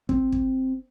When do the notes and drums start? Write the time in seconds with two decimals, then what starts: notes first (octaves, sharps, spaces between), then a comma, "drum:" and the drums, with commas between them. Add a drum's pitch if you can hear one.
0.09 C4, drum: kick
0.32 drum: kick